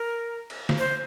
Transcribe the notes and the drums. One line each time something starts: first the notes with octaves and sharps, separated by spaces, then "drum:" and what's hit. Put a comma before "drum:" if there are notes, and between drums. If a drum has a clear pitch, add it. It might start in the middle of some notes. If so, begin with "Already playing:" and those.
Already playing: A#4
drum: cymbal
drum: snare
C5